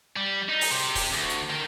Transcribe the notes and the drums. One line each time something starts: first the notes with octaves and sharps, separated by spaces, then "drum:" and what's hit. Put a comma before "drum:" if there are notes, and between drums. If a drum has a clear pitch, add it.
G3
D#4
drum: open hi-hat
C3 G4
drum: kick, open hi-hat
D2
drum: hi-hat
A#4 G5